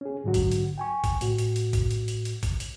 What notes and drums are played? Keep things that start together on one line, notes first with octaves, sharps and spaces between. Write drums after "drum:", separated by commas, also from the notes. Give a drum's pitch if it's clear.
C#4 G#4
G#2 D3 F#3 F#4
drum: kick, hi-hat
drum: hi-hat
G5 G#5 C#6
drum: kick, hi-hat
A2 F#4, drum: hi-hat
drum: hi-hat
drum: hi-hat
drum: kick, hi-hat
drum: hi-hat
drum: hi-hat
drum: hi-hat
drum: kick, hi-hat
drum: hi-hat